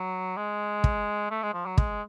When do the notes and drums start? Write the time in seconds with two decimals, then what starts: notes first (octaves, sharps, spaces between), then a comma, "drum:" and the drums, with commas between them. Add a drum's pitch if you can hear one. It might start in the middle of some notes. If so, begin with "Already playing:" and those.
Already playing: F#3
0.37 G#3
0.84 drum: kick
1.31 A3
1.43 G#3
1.54 F3
1.66 F#3
1.78 G#3, drum: kick